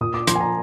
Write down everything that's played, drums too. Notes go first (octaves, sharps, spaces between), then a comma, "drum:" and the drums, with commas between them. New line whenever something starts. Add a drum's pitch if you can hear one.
A#2 D#6
D6
F3 C6, drum: hi-hat
G#5
A#5